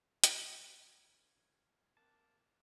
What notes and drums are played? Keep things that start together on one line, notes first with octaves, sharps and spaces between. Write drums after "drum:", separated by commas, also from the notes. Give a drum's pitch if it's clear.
drum: hi-hat
C#5 F6 G#6 C#7
C3 A#3 A5 D6 F#6 A6